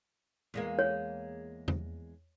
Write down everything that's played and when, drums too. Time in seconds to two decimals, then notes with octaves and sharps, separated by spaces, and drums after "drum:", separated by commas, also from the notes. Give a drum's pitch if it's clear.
0.54 E2 G#3 A#3
0.79 C#5
1.68 drum: tom E2